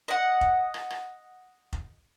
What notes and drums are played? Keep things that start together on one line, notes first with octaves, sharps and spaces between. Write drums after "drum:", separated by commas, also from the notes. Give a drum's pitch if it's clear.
D#5 F#5
drum: kick F1
drum: rim click
drum: rim click
drum: kick F1